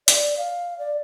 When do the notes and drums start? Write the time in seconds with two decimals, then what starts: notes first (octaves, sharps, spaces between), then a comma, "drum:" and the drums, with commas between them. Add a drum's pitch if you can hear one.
0.08 D5, drum: hi-hat
0.37 F5
0.79 D5